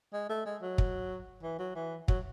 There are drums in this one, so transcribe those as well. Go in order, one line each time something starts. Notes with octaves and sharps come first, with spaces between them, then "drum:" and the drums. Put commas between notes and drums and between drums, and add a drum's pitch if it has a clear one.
G#3
A3
G#3
F#3
drum: kick
E3
F#3
E3
F#3, drum: kick